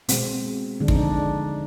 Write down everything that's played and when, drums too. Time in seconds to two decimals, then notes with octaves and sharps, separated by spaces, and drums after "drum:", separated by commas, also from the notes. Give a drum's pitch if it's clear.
0.09 B2 G#3 C4, drum: hi-hat
0.80 D3 F3 G#3 D4
0.88 D#4, drum: kick
0.95 D4